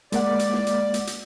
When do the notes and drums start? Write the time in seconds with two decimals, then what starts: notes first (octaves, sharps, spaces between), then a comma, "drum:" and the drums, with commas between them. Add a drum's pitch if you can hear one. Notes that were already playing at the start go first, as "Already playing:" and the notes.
0.12 G#3 A#3 D5 F#5, drum: hi-hat
0.39 drum: hi-hat
0.53 drum: snare
0.67 drum: hi-hat
0.94 drum: hi-hat
1.07 drum: hi-hat